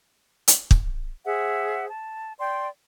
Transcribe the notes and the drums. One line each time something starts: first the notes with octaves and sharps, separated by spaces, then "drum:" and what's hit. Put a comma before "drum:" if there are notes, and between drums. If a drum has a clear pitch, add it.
drum: hi-hat
drum: kick
G#4 C5 E5 F#5
A5
D5 G5 C6